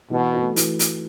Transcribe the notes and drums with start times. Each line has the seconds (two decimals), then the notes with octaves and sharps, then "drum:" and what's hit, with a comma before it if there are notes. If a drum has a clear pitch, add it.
0.11 B2 E3
0.34 A3 F#4 B4
0.56 E3, drum: hi-hat
0.79 drum: hi-hat